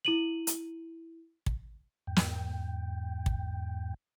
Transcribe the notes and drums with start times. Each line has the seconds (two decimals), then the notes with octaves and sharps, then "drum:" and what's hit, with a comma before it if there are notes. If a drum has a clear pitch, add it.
0.05 E4 D#7 F#7
0.47 drum: hi-hat
1.46 drum: kick
2.07 E2 G#2 G5
2.16 drum: snare
3.26 drum: kick